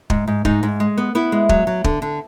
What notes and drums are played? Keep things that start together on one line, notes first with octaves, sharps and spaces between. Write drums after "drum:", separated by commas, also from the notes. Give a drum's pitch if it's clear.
G#2, drum: kick
G#2
G#2 D#4, drum: kick
G#2
G#3
B3
B3 E4
G#3
F#3, drum: kick
F#3
D3, drum: kick
D3